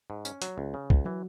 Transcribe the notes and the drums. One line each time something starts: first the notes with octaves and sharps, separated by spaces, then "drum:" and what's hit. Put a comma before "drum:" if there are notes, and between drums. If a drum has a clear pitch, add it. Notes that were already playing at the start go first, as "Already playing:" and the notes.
G#2
C#4, drum: tambourine
F#3, drum: hi-hat
C#2
C#3
C#2, drum: kick
E3 F#3